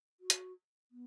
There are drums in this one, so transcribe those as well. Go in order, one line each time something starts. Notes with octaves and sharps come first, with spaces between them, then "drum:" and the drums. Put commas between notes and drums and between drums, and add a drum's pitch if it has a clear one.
F#4
drum: hi-hat
B3